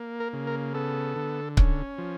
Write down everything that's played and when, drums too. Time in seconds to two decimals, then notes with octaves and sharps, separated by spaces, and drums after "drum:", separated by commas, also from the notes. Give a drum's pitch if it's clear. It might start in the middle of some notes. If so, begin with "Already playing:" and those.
Already playing: A#3
0.20 A#4
0.33 C#3
0.47 A#4
0.74 B3 A4
1.16 D3
1.57 C#4, drum: kick C#1
1.98 F3